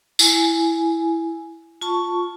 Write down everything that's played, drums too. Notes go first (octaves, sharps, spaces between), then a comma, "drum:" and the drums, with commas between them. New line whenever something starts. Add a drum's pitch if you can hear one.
E4 G#5, drum: tambourine
F4 A5 C#6